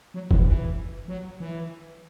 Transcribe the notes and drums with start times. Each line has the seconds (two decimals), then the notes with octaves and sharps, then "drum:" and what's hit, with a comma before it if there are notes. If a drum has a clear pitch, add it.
0.14 F#3
0.31 E3, drum: kick F#1
0.46 E3
1.08 F#3
1.40 E3